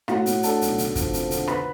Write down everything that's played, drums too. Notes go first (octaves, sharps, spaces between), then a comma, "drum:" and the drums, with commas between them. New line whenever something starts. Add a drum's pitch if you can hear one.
A2 F#4 F#5, drum: rim click
A2, drum: hi-hat
D4 A4 A5, drum: hi-hat
B1, drum: hi-hat
D3, drum: hi-hat
F3, drum: kick, hi-hat
F2, drum: hi-hat
D3, drum: hi-hat
B4 B5, drum: rim click